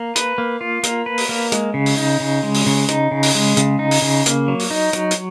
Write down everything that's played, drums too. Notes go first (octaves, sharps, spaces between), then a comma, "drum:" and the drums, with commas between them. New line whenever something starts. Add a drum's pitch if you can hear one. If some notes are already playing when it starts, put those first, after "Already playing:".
Already playing: A#3
B4, drum: hi-hat
A#3
F4
A#3, drum: hi-hat
B4
drum: open hi-hat
A#3
G#3, drum: hi-hat
C#3
drum: open hi-hat
D#4
C#3
G#3
drum: open hi-hat
C#3
D#4, drum: hi-hat
C#3
drum: open hi-hat
G#3
C#3, drum: hi-hat
D#4
drum: open hi-hat
C#3
A#3, drum: hi-hat
F#3
drum: open hi-hat
D#4
F#3, drum: hi-hat
drum: hi-hat